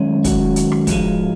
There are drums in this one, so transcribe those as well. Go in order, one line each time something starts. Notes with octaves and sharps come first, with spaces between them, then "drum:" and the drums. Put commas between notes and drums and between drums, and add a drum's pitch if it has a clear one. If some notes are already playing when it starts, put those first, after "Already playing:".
Already playing: F#2 D#3 G#3 C#4
F#4, drum: kick, hi-hat
drum: hi-hat
drum: rim click
G#2 F3 G#3, drum: kick, hi-hat